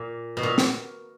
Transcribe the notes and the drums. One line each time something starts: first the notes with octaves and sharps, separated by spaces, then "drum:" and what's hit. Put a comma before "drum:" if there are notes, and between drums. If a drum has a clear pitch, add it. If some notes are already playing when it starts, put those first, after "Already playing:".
Already playing: A#2
B2
A#2
drum: snare